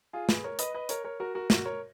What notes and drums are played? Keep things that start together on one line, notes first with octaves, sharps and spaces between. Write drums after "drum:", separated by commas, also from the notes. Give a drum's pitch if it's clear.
F4 G#4
G#4 B4, drum: snare
A#4 C#5
B4 D#5, drum: hi-hat
B4 D#5
A#4 C#5, drum: hi-hat
A#4 C#5
F#4 A#4
F#4 A#4
F#4 A#4, drum: snare
A#4 C#5